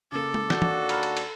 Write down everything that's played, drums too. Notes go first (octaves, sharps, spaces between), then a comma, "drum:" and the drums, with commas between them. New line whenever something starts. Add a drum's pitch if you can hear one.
C#3 A#3 A4 D6
drum: tom
D#2 D4 F#4 F#6 G6 G7, drum: snare
drum: tom
A#5 B5 F6, drum: cymbal
drum: cymbal
drum: cymbal